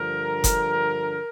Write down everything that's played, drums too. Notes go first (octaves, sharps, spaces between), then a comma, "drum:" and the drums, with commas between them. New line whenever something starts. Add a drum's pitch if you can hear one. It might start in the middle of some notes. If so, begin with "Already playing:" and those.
Already playing: G2 D3 F3 A#4
drum: kick F#1, hi-hat